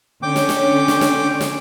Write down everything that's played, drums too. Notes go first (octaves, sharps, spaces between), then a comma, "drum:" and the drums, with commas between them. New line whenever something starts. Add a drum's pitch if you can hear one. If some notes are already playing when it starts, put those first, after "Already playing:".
D3 C#4 G5 D6
drum: snare
drum: snare
drum: snare
drum: snare
drum: snare